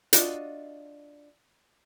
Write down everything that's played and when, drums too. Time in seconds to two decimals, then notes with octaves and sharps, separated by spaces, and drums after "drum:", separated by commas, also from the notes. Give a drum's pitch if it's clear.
0.13 D4 F4 F#4 D#5, drum: hi-hat